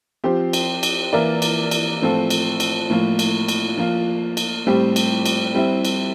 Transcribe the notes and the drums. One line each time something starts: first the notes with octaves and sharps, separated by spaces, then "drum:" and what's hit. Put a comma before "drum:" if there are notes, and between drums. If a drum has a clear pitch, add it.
F3 C4 G4 C5
drum: cymbal
drum: cymbal
E3 A#3 E4 A#4 D5
drum: cymbal
drum: cymbal
A2 F3 C4 F4 A4
drum: cymbal
drum: cymbal
A2 F3 A#3
drum: cymbal
drum: cymbal
F3 A#3 F4
drum: cymbal
A2 G3 C4 G4
drum: cymbal
drum: cymbal
G3 C4 E4
drum: cymbal